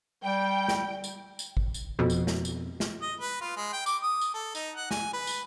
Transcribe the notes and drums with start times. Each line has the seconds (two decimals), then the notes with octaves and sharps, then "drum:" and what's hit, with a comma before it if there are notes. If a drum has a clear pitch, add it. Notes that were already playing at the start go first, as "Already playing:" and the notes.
0.25 G3 G5
0.68 drum: snare
1.04 drum: tambourine
1.39 drum: tambourine
1.57 drum: kick
1.74 drum: tambourine
1.99 F2 B2
2.10 drum: tambourine
2.27 drum: snare
2.45 drum: tambourine
2.80 drum: snare
3.02 D#5
3.20 B4
3.41 F4
3.57 G#3
3.73 G5
3.86 D6, drum: tambourine
4.02 D#6
4.21 drum: tambourine
4.34 A4
4.55 D#4, drum: tambourine
4.77 F#5
4.91 G#5, drum: snare
5.13 B4
5.27 drum: tambourine